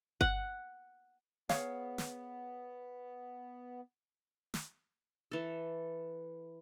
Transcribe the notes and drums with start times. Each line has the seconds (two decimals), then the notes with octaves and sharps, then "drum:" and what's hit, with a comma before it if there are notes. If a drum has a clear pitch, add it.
0.21 F#5, drum: kick G1
1.49 B3 G#4 C#5 F5, drum: snare
1.98 drum: snare
4.54 drum: snare
5.31 E3 A4